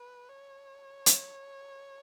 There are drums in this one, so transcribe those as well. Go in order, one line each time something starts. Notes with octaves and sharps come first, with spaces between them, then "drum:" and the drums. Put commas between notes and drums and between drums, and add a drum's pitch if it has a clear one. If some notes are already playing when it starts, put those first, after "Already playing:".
Already playing: B4
C#5
drum: hi-hat